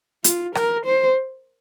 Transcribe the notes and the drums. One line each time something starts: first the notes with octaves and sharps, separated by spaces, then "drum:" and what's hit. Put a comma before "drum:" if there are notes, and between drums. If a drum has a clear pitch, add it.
F4, drum: hi-hat
A#4, drum: rim click
C5